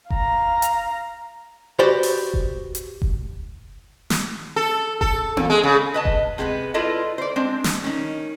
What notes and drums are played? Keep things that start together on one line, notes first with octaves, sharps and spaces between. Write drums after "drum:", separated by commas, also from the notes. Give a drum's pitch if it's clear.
F5 A#5, drum: kick F1
drum: hi-hat
F#4 G4 B4 C5 D5
drum: open hi-hat
drum: kick F1
drum: hi-hat
drum: kick F1
drum: snare
A4
A4, drum: kick F1
A#2, drum: tom B3
G#3
C#3
B4 D#5 A5
drum: kick F1
C3 G#3 B3 E4 B4
E4 F4 A4 B4 D5 D#5
C5 D5
G#3 C4 D4
drum: snare
D#3 C#4